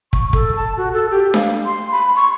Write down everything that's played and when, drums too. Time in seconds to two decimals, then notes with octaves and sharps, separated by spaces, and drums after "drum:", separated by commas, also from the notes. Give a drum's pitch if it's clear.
0.13 C#6, drum: kick
0.33 A4, drum: kick
0.56 A5
0.77 F#4
0.94 A4
1.11 G4
1.34 F5, drum: snare D4
1.65 C6
1.91 B5
2.16 C#6